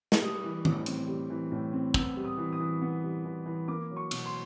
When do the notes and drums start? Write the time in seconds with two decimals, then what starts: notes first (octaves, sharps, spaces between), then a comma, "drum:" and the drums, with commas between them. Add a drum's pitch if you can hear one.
0.12 drum: snare
0.21 G3 D#6
0.44 E3
0.65 A2, drum: tom D#3
0.86 C4, drum: hi-hat
1.08 G3
1.30 E3
1.52 A2
1.73 C4
1.94 B3 E6, drum: kick
2.17 G3
2.24 D#6
2.38 E3
2.53 D#6
2.60 E3
2.82 B3
3.03 G3
3.25 E3
3.46 E3
3.68 A#3 D6
3.90 F#3
3.96 C#6
4.11 B2, drum: cymbal
4.26 C6